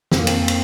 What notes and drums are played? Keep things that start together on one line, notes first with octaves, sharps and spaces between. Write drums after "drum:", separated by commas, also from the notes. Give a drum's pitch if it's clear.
F2 C4, drum: snare
A#3
C4, drum: cymbal
drum: cymbal